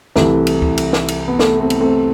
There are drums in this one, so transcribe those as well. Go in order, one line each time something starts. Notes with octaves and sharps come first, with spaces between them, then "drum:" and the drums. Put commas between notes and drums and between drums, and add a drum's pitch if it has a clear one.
C2 C3 E3 A3, drum: snare
drum: cymbal
drum: kick
drum: cymbal
drum: snare
drum: cymbal
B3
A3, drum: snare
A3 C4
drum: cymbal
A3 C4